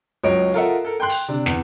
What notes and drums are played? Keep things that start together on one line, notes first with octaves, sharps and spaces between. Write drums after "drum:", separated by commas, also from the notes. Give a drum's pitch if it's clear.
C#2 F#3 C#5 D#5 D7
F4 A4 A#4 D#5 E5 F#5
A4 A#4
G5 C6 F#6
drum: open hi-hat
C3 D4
E2, drum: snare